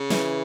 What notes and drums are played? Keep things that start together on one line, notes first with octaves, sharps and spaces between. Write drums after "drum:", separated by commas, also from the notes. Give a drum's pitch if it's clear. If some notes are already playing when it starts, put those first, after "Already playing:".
Already playing: C#3
E3, drum: snare